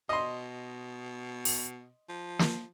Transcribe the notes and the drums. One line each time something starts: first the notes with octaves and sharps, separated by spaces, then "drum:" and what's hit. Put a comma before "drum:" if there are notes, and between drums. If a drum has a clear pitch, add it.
B2 D#5 C6
drum: open hi-hat
F3
drum: snare